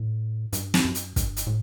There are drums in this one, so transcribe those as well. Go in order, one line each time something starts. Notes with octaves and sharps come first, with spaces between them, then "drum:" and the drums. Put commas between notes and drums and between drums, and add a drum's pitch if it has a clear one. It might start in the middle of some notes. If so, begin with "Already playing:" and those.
Already playing: A2
G2, drum: hi-hat
drum: snare
F#2
drum: hi-hat
G2, drum: kick, hi-hat
drum: hi-hat
A2